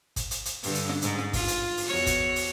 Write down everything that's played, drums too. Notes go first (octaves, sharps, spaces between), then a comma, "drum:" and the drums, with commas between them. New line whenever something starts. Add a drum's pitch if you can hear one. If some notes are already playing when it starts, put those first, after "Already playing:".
drum: kick, hi-hat
drum: hi-hat
drum: hi-hat
G2 D3, drum: open hi-hat
drum: hi-hat
drum: snare
G#2, drum: hi-hat
drum: snare
F4, drum: kick, open hi-hat
drum: hi-hat
drum: open hi-hat
E2 F#4 C#5
drum: kick, hi-hat
drum: open hi-hat